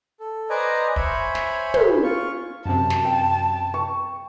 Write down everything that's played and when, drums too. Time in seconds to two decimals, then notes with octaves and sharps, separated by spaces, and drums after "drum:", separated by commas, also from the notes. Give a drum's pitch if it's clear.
0.20 A4
0.50 B4 C5 D5 D#5 G#5 A#5
0.96 C5 C#5 E5 G#5 B5, drum: kick
1.35 drum: snare
1.74 drum: tom
2.03 F4 C#6
2.66 F#2 C3 A5
2.90 drum: snare
3.05 G5
3.74 C#6